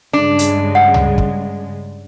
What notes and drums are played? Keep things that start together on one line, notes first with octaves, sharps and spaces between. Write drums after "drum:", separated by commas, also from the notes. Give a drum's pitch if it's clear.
G2 C#3 G#3 D4
drum: hi-hat
F#5
drum: tom C#2
drum: kick